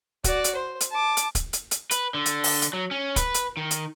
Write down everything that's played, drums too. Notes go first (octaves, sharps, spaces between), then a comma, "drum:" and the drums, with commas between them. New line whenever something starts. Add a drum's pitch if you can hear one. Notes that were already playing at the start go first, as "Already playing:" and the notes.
F#4 D5, drum: kick, hi-hat
drum: hi-hat
C5
drum: hi-hat
A5 D6
drum: hi-hat
drum: kick, hi-hat
drum: hi-hat
drum: hi-hat
B4, drum: hi-hat
D3
drum: hi-hat
drum: open hi-hat
drum: hi-hat
F#3
C#4
B4, drum: kick, hi-hat
drum: hi-hat
D#3
drum: hi-hat